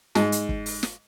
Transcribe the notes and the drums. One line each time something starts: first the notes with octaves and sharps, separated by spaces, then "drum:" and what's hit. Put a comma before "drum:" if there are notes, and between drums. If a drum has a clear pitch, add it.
G#2, drum: snare
drum: hi-hat
drum: kick
drum: open hi-hat
drum: snare